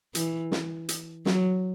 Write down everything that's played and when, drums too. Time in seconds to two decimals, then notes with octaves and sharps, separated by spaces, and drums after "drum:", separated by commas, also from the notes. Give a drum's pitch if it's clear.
0.15 E3, drum: hi-hat
0.52 drum: snare
0.89 drum: hi-hat
1.26 F#3, drum: snare